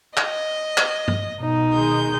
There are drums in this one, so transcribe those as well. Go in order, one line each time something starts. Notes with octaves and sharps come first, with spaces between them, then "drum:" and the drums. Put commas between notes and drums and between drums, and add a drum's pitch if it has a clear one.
D#5, drum: clap
drum: clap
drum: tom G2
B2 D#4
D#3 G#3 G6